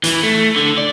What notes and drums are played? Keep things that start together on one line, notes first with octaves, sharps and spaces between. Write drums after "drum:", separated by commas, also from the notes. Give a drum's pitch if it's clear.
E3, drum: hi-hat
A3
D3
D5